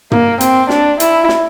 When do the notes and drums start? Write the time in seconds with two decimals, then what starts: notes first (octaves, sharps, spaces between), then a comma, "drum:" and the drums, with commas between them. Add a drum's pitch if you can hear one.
0.12 A#3, drum: tom
0.41 C4, drum: hi-hat
0.69 D4, drum: snare
1.00 E4, drum: hi-hat
1.29 drum: snare